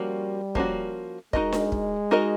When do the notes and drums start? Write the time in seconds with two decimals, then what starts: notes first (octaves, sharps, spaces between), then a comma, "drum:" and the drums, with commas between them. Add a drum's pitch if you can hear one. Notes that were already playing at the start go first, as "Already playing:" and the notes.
Already playing: F3 G3 A#3 C#4 F#4
0.55 F3 A#3 C#4 F#4, drum: kick
1.33 G#3 D#4 F#4 A#4 D#5, drum: kick
1.52 drum: snare D4
1.72 drum: kick
2.11 D#4 F#4 A#4 D#5